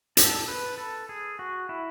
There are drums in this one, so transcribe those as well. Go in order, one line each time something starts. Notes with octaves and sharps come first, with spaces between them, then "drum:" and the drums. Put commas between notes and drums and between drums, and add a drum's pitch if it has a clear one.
A4, drum: hi-hat
B4
A4
G#4
F#4
E4